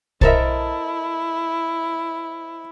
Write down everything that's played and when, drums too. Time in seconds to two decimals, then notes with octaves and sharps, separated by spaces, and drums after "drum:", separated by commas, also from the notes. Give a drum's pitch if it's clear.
0.21 E4 A4 A#4 C5 D#5 E5, drum: kick B1